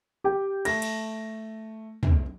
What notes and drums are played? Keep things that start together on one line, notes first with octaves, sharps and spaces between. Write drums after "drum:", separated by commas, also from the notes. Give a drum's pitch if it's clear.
G4 G5
A3 A#6, drum: cymbal
drum: cymbal
drum: tom